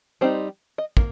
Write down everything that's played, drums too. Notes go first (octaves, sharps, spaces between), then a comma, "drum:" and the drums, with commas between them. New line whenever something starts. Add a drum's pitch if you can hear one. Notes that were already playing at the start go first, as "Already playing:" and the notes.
G3 C4 D#4 C5
D#5
A#3, drum: kick